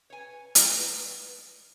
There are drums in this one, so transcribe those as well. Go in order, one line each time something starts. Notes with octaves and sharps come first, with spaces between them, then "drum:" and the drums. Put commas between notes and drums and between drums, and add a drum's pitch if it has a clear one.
B4 C#5 G#5
drum: hi-hat